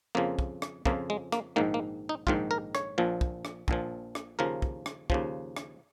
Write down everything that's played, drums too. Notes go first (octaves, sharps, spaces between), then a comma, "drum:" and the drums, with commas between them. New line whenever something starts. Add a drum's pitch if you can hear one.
F2 C#3 F3 A#3
drum: kick
drum: rim click
F2 C#3 F3 A#3, drum: kick
G#3
A#3, drum: rim click
A#1 G#2 D#3 A#3
A#3
D#4
A#1 G#2 D#3 F4, drum: kick
A#4
C#5, drum: rim click
A#1 A#2 F3
drum: kick
drum: rim click
A#1 A#2 F3, drum: kick
drum: rim click
D#2 C#3 F3 A#4
drum: kick
drum: rim click
D#2 C#3 F3, drum: kick
drum: rim click